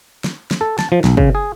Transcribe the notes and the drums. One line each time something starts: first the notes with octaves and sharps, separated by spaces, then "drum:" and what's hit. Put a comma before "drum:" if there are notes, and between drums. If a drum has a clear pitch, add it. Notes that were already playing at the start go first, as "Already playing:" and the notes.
drum: snare
drum: snare
A4
A5, drum: snare
F3
B1, drum: snare
C#3, drum: kick
G#4